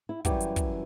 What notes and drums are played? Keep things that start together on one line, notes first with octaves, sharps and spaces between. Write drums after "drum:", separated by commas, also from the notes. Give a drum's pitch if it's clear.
E4
F#2 E3 G3 G4, drum: kick, hi-hat
drum: hi-hat
drum: kick, hi-hat